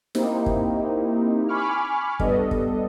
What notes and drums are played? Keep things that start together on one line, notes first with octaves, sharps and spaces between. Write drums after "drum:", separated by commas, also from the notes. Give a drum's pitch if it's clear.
A#3 C4 D#4 E4 G4, drum: snare
drum: kick
G#5 B5 C#6 D6 F6
G3 B3 D4 A4 D#5, drum: kick
drum: kick